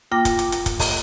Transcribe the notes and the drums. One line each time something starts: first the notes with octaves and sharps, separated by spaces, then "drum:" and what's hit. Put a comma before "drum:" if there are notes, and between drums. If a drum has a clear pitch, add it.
A#3 F4 G5 D6 A#6
drum: kick, hi-hat
drum: hi-hat
drum: hi-hat
drum: kick, hi-hat
drum: kick, open hi-hat